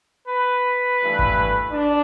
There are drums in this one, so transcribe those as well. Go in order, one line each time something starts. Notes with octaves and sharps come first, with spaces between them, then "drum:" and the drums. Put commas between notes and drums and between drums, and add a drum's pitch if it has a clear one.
B4
G2 E3 A3
drum: kick G#1
D4